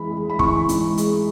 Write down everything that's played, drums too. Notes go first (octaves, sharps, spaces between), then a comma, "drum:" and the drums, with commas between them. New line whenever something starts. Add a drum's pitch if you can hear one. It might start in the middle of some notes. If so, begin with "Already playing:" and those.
Already playing: E3 G#3 B5
G#3
B5
E3 C#6, drum: kick
G#2, drum: hi-hat
G#3, drum: hi-hat